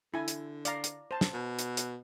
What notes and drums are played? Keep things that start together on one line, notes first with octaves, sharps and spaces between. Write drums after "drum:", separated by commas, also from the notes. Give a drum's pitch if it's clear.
D3 E4 G#5
drum: hi-hat
D5 F5 A#5, drum: hi-hat
drum: hi-hat
C5 A5
drum: snare
B2
drum: hi-hat
drum: hi-hat